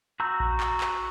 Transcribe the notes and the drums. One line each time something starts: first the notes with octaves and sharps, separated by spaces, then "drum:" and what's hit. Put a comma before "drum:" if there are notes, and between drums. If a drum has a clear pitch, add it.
F#4 A#5 E6 G6
drum: kick A#1
drum: clap
drum: clap